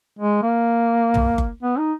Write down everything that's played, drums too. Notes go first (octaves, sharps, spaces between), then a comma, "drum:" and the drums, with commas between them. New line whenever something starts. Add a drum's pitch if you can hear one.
G#3
A#3
drum: tom
drum: kick F#1
B3
D#4